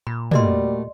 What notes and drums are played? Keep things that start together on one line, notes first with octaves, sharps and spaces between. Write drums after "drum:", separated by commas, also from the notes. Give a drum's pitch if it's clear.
A#2 B5
G3 A3 A#3 F#4 D5 D#5 C6, drum: tom